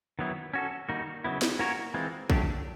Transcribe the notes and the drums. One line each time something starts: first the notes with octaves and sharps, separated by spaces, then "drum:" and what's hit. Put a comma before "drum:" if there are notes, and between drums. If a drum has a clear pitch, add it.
D#3 F#3 B3 E4
C#4 F#4 A4
D#3 G3 A#3 D#4 F#4
C#3 F#3 B3 E4
drum: snare
A#3 C#4 F#4 A#4 C#5
E3 G#3 C4 F4
D3 F#3 A3 D4 G4, drum: kick